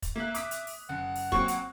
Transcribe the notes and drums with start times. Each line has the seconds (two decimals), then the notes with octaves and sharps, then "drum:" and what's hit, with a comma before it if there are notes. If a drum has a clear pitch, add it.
0.02 drum: kick, hi-hat
0.16 A#3 E5 F#6
0.35 D6 D#6 B6, drum: hi-hat
0.51 drum: hi-hat
0.67 drum: open hi-hat
0.89 F#1 F#5
1.16 drum: open hi-hat
1.32 F#3 A#3 C4 C#6, drum: kick
1.48 drum: hi-hat